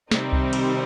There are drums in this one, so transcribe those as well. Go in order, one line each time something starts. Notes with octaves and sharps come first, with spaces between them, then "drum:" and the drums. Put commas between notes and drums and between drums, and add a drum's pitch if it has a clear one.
C3 D#3 G3 C4 D#4, drum: snare
drum: kick C2
drum: cymbal